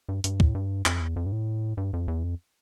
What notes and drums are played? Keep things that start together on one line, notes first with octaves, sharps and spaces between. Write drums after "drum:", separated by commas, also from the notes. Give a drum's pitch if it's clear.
G2
G2, drum: hi-hat
A2, drum: kick
G2
F2, drum: clap
E2
F2
G2
A2
G2
F2
E2
F2